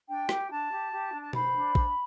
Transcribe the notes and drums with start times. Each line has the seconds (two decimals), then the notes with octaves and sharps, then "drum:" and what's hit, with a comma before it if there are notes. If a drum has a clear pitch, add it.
0.08 D4 G5
0.29 G4, drum: rim click
0.50 D4 A5
0.71 G4
0.92 G4
1.13 D4
1.21 A5
1.33 C5 B5, drum: tom B2
1.54 D4
1.75 D4, drum: kick A1